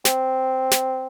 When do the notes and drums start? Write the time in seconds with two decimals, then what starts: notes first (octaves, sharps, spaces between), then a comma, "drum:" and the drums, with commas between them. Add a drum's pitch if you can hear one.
0.05 C4, drum: snare
0.71 drum: snare